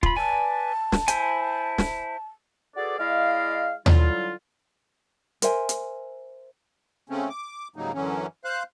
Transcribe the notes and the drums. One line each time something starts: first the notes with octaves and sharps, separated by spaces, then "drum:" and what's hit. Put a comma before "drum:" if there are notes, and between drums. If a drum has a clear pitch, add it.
F4 B5, drum: kick
B4 D5 G#5 A5
drum: snare
E4 C5 G#5, drum: hi-hat
drum: snare
F#4 G#4 A4 B4 D5
G#3 E4 D5 D#5 F5
D3 F#3 G3 E4 F4, drum: tom D#2
A#4 C5 E5 G#5, drum: hi-hat
drum: hi-hat
C#3 A3 C4 C#4
D6
G#2 C#3 F#3 G3 A#3 D#4
F#2 D3 E3 F#3 C#4
C5 F5 F#6